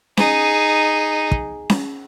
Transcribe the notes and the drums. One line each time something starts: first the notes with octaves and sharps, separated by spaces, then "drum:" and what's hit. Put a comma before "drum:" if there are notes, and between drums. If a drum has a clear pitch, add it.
D#4 G#4, drum: snare C#4
drum: kick
drum: snare C#4